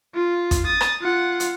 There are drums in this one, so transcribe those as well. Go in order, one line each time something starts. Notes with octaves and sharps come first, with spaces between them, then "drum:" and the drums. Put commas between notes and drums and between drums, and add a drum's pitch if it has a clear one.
F4
drum: kick, hi-hat
D#6 A6
drum: rim click
F4 F#5
drum: hi-hat